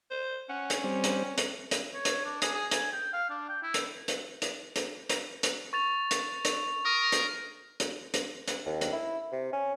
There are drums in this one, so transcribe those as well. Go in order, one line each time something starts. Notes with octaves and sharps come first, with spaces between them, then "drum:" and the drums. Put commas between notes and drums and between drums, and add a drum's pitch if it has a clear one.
C5
C#4 F#5
drum: hi-hat
G3 C4
drum: hi-hat
drum: hi-hat
drum: hi-hat
C#5
drum: hi-hat
D4
G#4, drum: hi-hat
G#4
G#5, drum: hi-hat
G5
F5
D4
G5
E4
drum: hi-hat
drum: hi-hat
drum: hi-hat
drum: hi-hat
drum: hi-hat
drum: hi-hat
C#6 A6 F7
drum: hi-hat
drum: hi-hat
A#4 D#6 D#7
drum: hi-hat
drum: hi-hat
drum: hi-hat
drum: hi-hat
D#2
drum: hi-hat
E4
C3
C#4